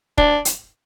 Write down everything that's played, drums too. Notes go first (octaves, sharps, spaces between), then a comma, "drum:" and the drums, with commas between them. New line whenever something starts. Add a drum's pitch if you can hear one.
D4, drum: kick
drum: hi-hat